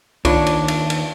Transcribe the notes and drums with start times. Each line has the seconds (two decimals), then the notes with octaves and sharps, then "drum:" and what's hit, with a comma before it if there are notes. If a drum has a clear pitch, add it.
0.25 D#2 D4 F4 C#5 D5 C#6, drum: kick C2, cymbal
0.47 drum: cymbal
0.68 drum: cymbal
0.90 drum: cymbal